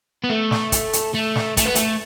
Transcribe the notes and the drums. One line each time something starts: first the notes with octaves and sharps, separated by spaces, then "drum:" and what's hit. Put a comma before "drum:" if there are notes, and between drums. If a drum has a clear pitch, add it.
B3
A3
drum: snare
drum: kick, hi-hat
drum: hi-hat
A3
drum: snare
A3, drum: kick, hi-hat
B3
A3, drum: hi-hat